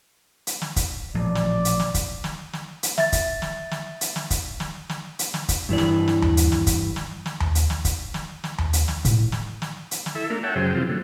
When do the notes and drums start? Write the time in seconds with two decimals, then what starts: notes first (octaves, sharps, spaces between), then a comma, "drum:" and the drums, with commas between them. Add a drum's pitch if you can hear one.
0.47 drum: hi-hat
0.62 drum: snare
0.76 drum: kick, hi-hat
1.14 A1 A#2 F3 D5
1.35 drum: snare
1.65 drum: hi-hat
1.80 drum: snare
1.94 drum: kick, hi-hat
2.24 drum: snare
2.53 drum: snare
2.83 drum: hi-hat
2.98 E5 A6, drum: snare
3.12 drum: kick, hi-hat
3.42 drum: snare
3.71 drum: snare
4.01 drum: hi-hat
4.16 drum: snare
4.30 drum: kick, hi-hat
4.60 drum: snare
4.89 drum: snare
5.19 drum: hi-hat
5.34 drum: snare
5.49 drum: kick, hi-hat
5.69 G2 E3 D5
5.78 drum: snare
6.08 drum: snare
6.22 drum: tom D#2
6.37 drum: hi-hat
6.52 drum: snare
6.67 drum: kick, hi-hat
6.96 drum: snare
7.26 drum: snare
7.40 drum: tom D#2
7.55 drum: hi-hat
7.70 drum: snare
7.85 drum: kick, hi-hat
8.14 drum: snare
8.44 drum: snare
8.58 drum: tom D#2
8.73 drum: hi-hat
8.88 drum: snare
9.05 A2, drum: kick, hi-hat
9.32 drum: snare
9.62 drum: snare
9.91 drum: hi-hat
10.06 drum: snare
10.15 E4 A4 E5
10.30 A3 A#3 D4 F4 A#4
10.43 C#5 E5 F#5 G5 A5
10.55 F#2 C#3 F#3 G#4 C5 G5
10.74 C3 E3 F3 C4 F4
10.89 D3 F#3 A3